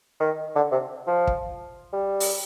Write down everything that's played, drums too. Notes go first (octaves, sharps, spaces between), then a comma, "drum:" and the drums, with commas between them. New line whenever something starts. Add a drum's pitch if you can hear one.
D#3
D3
C3
F3
drum: kick
G3
drum: open hi-hat